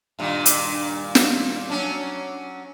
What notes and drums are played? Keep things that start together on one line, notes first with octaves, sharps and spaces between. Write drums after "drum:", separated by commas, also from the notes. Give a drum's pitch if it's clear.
G2 A#2 D#3
drum: hi-hat
drum: snare
F#3 C#4 D4